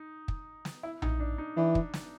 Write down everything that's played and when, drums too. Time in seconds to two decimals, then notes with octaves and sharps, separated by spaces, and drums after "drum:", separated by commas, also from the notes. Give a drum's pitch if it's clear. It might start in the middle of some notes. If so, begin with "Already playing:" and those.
Already playing: D#4
0.28 drum: kick
0.65 drum: snare
0.83 E4
1.02 D#4, drum: tom A#1
1.20 D4
1.38 D#4
1.57 E3 D4
1.75 drum: kick
1.94 drum: snare